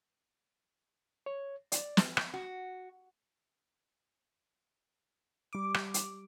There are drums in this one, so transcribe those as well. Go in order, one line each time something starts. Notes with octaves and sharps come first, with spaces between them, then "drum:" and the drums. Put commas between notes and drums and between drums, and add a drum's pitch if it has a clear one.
C#5
D5, drum: hi-hat
drum: snare
drum: rim click
F#4
G3 D6
drum: rim click
drum: hi-hat